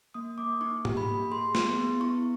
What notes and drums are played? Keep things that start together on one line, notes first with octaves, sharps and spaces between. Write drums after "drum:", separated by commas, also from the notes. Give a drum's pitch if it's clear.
A#3 D#6
A#3 D6
D#4 C#6
G4, drum: tom
B5
A#3
G#4 C6
B3, drum: snare
B3
E4 C#6